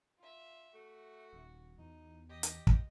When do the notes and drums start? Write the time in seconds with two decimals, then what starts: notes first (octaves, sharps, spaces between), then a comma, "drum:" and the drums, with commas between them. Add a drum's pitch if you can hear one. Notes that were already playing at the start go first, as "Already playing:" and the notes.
0.19 F4 E5
0.74 A3 F#4
1.33 D#1
1.78 E2 D#4
2.30 G4 D#5
2.43 drum: hi-hat
2.67 drum: kick